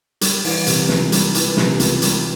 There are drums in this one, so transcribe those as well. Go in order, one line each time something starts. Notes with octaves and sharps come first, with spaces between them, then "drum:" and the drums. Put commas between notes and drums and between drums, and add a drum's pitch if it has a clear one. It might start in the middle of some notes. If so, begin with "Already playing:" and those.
G3, drum: hi-hat
E3, drum: open hi-hat
C3, drum: hi-hat
C#2, drum: snare
G3, drum: hi-hat
E3, drum: hi-hat
C3, drum: snare
C#2, drum: hi-hat
G3, drum: hi-hat